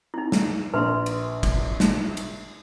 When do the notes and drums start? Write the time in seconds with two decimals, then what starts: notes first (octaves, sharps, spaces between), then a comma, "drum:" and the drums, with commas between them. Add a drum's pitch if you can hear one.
0.14 D#4 E4
0.32 drum: snare
0.74 A#1 B4 C6
1.06 drum: cymbal
1.43 drum: kick, cymbal
1.80 drum: snare
2.17 drum: cymbal